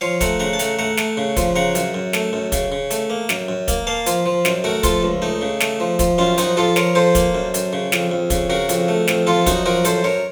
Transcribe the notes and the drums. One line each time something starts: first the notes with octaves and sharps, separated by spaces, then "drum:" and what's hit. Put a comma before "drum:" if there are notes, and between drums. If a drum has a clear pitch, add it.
F3 C#5 F5
A3 F#5 A#5, drum: kick, hi-hat
C#3 F#5 A#5
A5
A3 F#5 A#5, drum: hi-hat
A3 F#5 A#5
A3, drum: snare
C#3
F3, drum: kick, hi-hat
C#3 F#5 A#5
F#2, drum: hi-hat
F#2
A3, drum: snare
F#2
C#3, drum: kick, hi-hat
C#3
A3, drum: hi-hat
A#3
F#2, drum: snare
F#2
A#3, drum: kick, hi-hat
A#3 F5 A5
F3, drum: hi-hat
F3
F#2, drum: snare
A3 F#4 A#4
F3 F4 A4, drum: kick, hi-hat
C#2
A3 D#4
C#3
A3, drum: snare
F3
F3, drum: kick, hi-hat
F#2 C#4 F4
F3 D#4 F#4, drum: hi-hat
F3 F4 A4
F3 A#4 C#5, drum: snare
F3 A4 C5
A#3, drum: kick, hi-hat
F#2
F#2, drum: hi-hat
C#3
F2, drum: snare
F2
C#3, drum: kick, hi-hat
C#3 F#4 A#4
F2, drum: hi-hat
A3
F2, drum: snare
F3 F4 A4
F#2 D#4 F#4, drum: kick, hi-hat
F3 F#4 A#4
F#2 A4 C5, drum: hi-hat
F#2 A#4 C#5